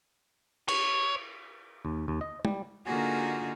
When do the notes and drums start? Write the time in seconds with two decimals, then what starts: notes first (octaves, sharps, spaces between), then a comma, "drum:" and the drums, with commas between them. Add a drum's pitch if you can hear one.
0.69 C#5, drum: cymbal
1.85 D#2
2.08 D#2
2.21 D#5
2.45 G3, drum: tom
2.87 D3 A#3 D#4 F4 F#4 G#4